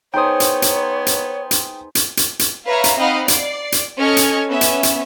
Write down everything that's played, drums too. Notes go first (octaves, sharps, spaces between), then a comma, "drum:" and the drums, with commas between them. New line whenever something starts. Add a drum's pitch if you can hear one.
B3 D#4 G#4 C5 C#5 G5 D#6
drum: hi-hat
drum: hi-hat
drum: hi-hat
drum: hi-hat
drum: hi-hat
drum: hi-hat
drum: hi-hat
B4 C#5 E5 F5 A#5
drum: hi-hat
C4 D#4 D#5 F5 F#5 B5
D5 C7, drum: hi-hat
drum: hi-hat
C#4 A4 D#5 F6 G#6 C#7
drum: hi-hat
B3 C#4 E5
drum: hi-hat
drum: hi-hat